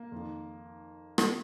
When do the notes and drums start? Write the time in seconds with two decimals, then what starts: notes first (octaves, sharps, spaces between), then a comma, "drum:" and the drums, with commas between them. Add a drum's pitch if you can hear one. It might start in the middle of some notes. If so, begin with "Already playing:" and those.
Already playing: A#3
0.12 F2 D#3
1.18 drum: rim click